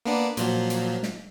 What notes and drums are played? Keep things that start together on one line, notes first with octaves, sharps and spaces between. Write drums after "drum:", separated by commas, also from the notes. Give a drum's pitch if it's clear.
A#3 B3 D4
A#2 F3 F#3, drum: hi-hat
drum: hi-hat
drum: snare